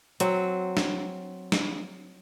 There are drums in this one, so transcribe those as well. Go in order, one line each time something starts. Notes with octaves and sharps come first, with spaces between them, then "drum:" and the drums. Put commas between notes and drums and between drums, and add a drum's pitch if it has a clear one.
F#3 C4, drum: hi-hat
drum: snare
drum: snare